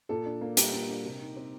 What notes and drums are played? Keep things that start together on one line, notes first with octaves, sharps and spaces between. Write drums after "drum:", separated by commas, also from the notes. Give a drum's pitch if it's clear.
A#2 A4
D4
A#3
G3 G4 A#4, drum: hi-hat
A#2
D4
C3
D#4
C4